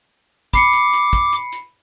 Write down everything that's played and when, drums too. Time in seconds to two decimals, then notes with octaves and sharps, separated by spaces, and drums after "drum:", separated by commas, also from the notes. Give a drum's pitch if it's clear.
0.53 B5 D6 C7 C#7, drum: kick, hi-hat
0.73 drum: hi-hat
0.93 drum: hi-hat
1.13 drum: kick, hi-hat
1.33 drum: hi-hat
1.52 drum: hi-hat